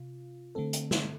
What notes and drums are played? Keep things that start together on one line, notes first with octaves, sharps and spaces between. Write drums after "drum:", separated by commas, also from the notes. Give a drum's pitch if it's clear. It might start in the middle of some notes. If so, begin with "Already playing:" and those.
Already playing: C3 F4
D3 A3 C4 A4
drum: hi-hat
drum: snare